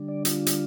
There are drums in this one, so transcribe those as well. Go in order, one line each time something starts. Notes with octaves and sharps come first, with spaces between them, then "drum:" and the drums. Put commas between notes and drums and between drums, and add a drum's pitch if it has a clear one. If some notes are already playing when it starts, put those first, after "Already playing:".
Already playing: D3 G3 D4
D5
F4, drum: hi-hat
drum: hi-hat